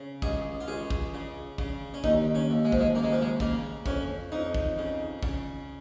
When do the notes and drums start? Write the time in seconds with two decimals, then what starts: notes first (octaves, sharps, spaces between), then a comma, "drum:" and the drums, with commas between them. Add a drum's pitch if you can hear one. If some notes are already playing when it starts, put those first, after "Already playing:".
Already playing: C#3
0.22 C#2 G#4, drum: kick
0.60 F4
0.68 C#2 G#4
0.90 drum: kick
1.14 C#3
1.58 C#3, drum: kick
1.94 C#4
2.04 D#2 D#4, drum: kick
2.35 C#4
2.50 D#2
2.65 G#3
2.72 F3, drum: kick
2.80 G#3
2.95 C#3 A#3
3.04 G#3
3.12 F3
3.22 G#3
3.40 C#3 A#3, drum: kick
3.86 F2 C#4, drum: kick
4.32 F2 D#4
4.54 drum: kick
4.78 C#3
5.23 C#3, drum: kick